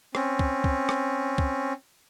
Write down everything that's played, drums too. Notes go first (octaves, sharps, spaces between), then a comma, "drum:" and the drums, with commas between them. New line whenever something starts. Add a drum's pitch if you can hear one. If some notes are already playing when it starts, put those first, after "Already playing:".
C4 C#4, drum: rim click
drum: kick
drum: kick
drum: rim click
drum: kick